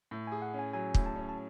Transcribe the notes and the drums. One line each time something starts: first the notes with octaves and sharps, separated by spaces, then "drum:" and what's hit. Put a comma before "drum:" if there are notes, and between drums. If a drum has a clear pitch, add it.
A2
G#4 G#5
F#5
C#4
G#5
F#3 G#5
A2, drum: kick
A5
C#4
A5